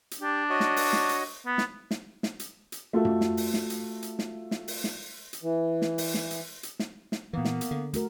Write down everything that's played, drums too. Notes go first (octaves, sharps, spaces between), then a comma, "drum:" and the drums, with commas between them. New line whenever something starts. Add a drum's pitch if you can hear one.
drum: hi-hat
D4 G4
F#4 C#5 D#5
drum: snare
drum: open hi-hat
drum: snare
drum: hi-hat
B3
drum: snare
drum: snare
drum: snare
drum: hi-hat
drum: hi-hat
A3 F4 F#4 A4
drum: tom F#2
drum: snare
drum: open hi-hat
drum: snare
drum: hi-hat
drum: hi-hat
drum: snare
drum: snare
drum: open hi-hat
drum: snare
drum: hi-hat
E3
drum: snare
drum: open hi-hat
drum: snare
drum: hi-hat
drum: hi-hat
drum: snare
drum: snare
A#2 E3 A#3 B3
drum: snare
drum: hi-hat
D3
A3 F#4 A#4, drum: hi-hat